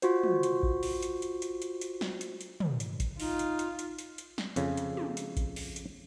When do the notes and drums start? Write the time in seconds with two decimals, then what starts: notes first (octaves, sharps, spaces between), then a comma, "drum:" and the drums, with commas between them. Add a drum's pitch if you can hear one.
0.02 F4 F#4 C5, drum: hi-hat
0.24 drum: tom
0.43 drum: hi-hat
0.63 drum: kick A1
0.83 drum: open hi-hat
1.02 drum: hi-hat
1.22 drum: hi-hat
1.42 drum: hi-hat
1.62 drum: hi-hat
1.81 drum: hi-hat
2.01 drum: snare
2.21 drum: hi-hat
2.41 drum: hi-hat
2.60 drum: tom
2.80 drum: hi-hat
3.00 drum: kick A1, hi-hat
3.20 D#4 F4, drum: open hi-hat
3.39 drum: hi-hat
3.59 drum: hi-hat
3.79 drum: hi-hat
3.99 drum: hi-hat
4.18 drum: hi-hat
4.38 drum: snare
4.56 F2 C#3, drum: hi-hat
4.77 drum: hi-hat
4.97 drum: tom
5.17 drum: hi-hat
5.37 drum: kick A1, hi-hat
5.56 drum: open hi-hat
5.76 drum: hi-hat